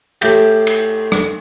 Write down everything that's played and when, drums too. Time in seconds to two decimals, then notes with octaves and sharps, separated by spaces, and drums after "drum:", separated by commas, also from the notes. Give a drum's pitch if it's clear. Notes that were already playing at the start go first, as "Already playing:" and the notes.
0.22 A2 G4, drum: cymbal
0.67 drum: cymbal
1.12 drum: rim click